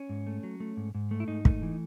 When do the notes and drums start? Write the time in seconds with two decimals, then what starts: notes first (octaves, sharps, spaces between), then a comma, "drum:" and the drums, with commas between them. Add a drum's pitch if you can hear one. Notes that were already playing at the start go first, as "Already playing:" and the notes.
Already playing: C#4
0.09 G#2
0.27 A3
0.43 F#3
0.60 A3
0.77 G#2
0.95 G#2
1.11 A3
1.20 E4
1.28 G#2 D#4
1.45 A3, drum: kick
1.62 E3